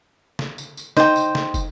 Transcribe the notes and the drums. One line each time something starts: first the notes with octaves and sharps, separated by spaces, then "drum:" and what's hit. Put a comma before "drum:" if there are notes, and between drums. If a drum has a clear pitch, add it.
drum: snare
drum: tambourine
drum: tambourine
D#4 C5 G5, drum: snare
drum: tambourine
drum: snare
drum: kick, tambourine